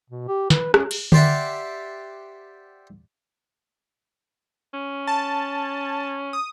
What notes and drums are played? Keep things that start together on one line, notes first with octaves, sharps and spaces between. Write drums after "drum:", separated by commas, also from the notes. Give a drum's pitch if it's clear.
B2
G4
B4, drum: snare
C#4, drum: rim click
drum: cymbal
G4 C5 D5 E5 F#5, drum: tom D3
C#4
A5
D#6